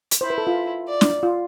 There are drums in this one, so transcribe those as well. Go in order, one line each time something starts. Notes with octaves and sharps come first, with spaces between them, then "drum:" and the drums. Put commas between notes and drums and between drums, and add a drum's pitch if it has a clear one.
drum: hi-hat
E4 C5
B4
A4
F4
D5
drum: snare
F4